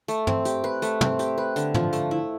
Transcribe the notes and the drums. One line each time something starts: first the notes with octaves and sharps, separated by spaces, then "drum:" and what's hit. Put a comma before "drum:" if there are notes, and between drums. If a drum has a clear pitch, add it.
A3, drum: hi-hat
C4, drum: tom
G4, drum: hi-hat
B4
A3, drum: hi-hat
C4, drum: tom
G4, drum: hi-hat
B4
D3, drum: hi-hat
F3, drum: tom
A3, drum: hi-hat
E4